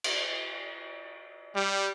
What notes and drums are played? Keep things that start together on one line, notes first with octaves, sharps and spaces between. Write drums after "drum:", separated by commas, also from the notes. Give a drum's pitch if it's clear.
drum: cymbal
G3